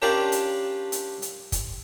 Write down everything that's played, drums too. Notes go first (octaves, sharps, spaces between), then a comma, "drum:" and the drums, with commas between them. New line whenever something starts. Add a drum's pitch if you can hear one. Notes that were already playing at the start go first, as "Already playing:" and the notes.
C#4 D4 F4 G4 A#4 D5
drum: hi-hat
drum: hi-hat
drum: hi-hat
drum: kick, hi-hat